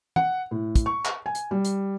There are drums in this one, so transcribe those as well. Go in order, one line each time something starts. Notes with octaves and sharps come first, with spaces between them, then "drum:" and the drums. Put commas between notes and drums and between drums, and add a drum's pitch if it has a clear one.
F#5, drum: tom
A2
drum: kick, hi-hat
C#6
drum: clap
G#5
drum: hi-hat
G3
drum: hi-hat